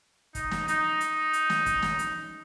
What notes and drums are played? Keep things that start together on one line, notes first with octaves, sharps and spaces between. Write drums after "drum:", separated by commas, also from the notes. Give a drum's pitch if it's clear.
D#4, drum: kick, hi-hat
drum: snare
D#4, drum: hi-hat
drum: hi-hat
drum: hi-hat
drum: snare
drum: kick, hi-hat
drum: snare
drum: hi-hat